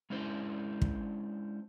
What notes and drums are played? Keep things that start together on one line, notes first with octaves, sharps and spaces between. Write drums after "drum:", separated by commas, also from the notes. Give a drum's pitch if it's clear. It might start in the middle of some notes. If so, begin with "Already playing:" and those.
G#3 C#4 D4 E4 C5
drum: kick